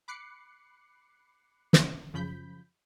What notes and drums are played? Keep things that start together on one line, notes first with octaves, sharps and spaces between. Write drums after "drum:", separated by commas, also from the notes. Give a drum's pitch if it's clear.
B5 D6 F#6 C7 C#7
drum: snare
F#2 C#3 F3 B5 G6 B6